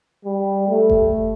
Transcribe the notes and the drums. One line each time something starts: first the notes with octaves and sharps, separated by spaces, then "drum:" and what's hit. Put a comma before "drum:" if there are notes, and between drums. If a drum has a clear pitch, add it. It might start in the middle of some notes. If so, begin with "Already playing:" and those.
G3
A3
drum: kick F#1